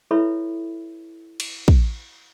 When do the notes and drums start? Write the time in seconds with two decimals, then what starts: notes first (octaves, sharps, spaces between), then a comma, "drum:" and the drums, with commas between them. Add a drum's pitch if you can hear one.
0.11 E4 A4 B4 C#5 E5 B5
1.40 drum: cymbal
1.68 drum: kick